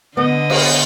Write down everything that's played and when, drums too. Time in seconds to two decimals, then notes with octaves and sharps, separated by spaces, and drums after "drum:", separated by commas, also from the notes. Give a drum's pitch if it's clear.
0.17 D3 B3 D#5
0.50 drum: cymbal